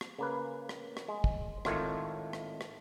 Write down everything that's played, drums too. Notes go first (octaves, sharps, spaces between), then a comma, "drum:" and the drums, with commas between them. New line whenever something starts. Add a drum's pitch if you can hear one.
drum: rim click
C#3 A#3 B4
drum: rim click
drum: rim click
G#3
drum: kick
G#1 A2 D#3 A3 F4 C#5, drum: rim click
drum: rim click
drum: rim click